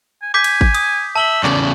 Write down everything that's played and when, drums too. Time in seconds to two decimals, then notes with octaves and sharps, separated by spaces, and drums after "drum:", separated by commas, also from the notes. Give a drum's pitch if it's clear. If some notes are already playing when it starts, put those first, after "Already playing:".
0.22 G#5
0.34 G#5 D6 G6 B6
0.44 drum: cymbal
0.61 drum: kick G#1
0.74 D#6, drum: cymbal
1.16 E5 A5 F#7 G7
1.44 E2 C#3 D5, drum: clap